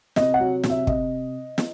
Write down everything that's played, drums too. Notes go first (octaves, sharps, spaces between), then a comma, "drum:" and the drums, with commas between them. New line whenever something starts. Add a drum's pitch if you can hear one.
C3 D#5, drum: snare
F#5
F#3
C3, drum: snare
E5
C3 D#5, drum: kick
drum: snare